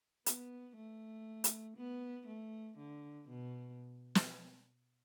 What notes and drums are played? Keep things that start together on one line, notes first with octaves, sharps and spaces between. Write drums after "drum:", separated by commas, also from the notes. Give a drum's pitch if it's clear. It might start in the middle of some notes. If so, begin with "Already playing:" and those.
B3, drum: hi-hat
A3
drum: hi-hat
B3
A3
D3
B2
drum: snare